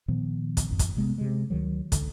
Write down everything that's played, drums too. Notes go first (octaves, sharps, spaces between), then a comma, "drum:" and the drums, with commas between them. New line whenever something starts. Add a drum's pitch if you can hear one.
A#2 D#3 F3 B3
drum: kick, hi-hat
A1 F#2
drum: kick, hi-hat
C3 G#3 B3
C3 G#3
D2 D#3 F#3
C#2 D3, drum: kick, hi-hat